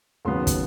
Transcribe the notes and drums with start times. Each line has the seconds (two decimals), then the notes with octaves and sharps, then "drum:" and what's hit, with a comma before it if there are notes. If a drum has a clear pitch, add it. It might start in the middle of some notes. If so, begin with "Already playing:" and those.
0.25 D#2 C#3 F#3 B3 C6
0.47 drum: kick, hi-hat